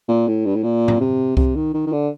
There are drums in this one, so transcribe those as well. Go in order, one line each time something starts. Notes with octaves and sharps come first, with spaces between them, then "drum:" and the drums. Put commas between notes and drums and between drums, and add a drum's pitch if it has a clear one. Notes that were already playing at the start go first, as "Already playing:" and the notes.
A#2
A2
G2
A2
A#2
drum: tom A2
C3
C3, drum: kick C2
D#3
D#3
D#3
D3